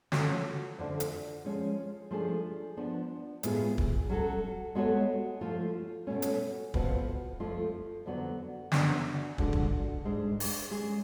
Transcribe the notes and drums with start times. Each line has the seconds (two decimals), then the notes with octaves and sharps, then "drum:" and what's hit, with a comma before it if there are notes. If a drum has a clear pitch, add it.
0.12 F3 A3 C#4 F#4 A4, drum: snare
0.78 F2 D3 F3 A3
1.00 drum: hi-hat
1.45 F3 G#3 C#4
2.11 F3 A3 D4 G#4
2.77 F3 B3 D4
3.43 A2 G#3 B3 F4 G#4, drum: hi-hat
3.78 drum: kick
4.09 F#3 C#4 F#4 A4
4.75 G#3 B3 F#4 A4 C#5
5.41 F3 A3 F4
6.07 B2 A3 C#4
6.22 drum: hi-hat
6.74 F2 F3 B3 F#4 B4, drum: kick
7.40 F2 F3 A3 F4
8.06 F2 D3 F#3 B3 F#4
8.72 F#2 C#3 F#3 B3 D4, drum: snare
9.38 D3 F3 G#3 D4 F#4, drum: kick
9.53 drum: kick
10.05 G#2 G#3 D4
10.40 drum: open hi-hat
10.70 G#3 C#4 G#4